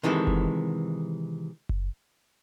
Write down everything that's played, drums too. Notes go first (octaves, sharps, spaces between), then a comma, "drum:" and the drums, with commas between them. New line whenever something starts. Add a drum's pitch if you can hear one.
C3 D#3 E3 G#3 A4
drum: kick F#1
drum: kick F#1